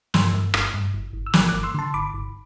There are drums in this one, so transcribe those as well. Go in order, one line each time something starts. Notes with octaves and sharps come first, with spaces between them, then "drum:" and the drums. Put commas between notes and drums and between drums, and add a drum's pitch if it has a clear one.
G2 C6 E6, drum: snare
G2
G1, drum: rim click
G2
G1
G1
E6
G1 D6 F#6, drum: snare
G1 D6 F#6
C6 E6
D3 A5 C6
G1 B5 D6
G1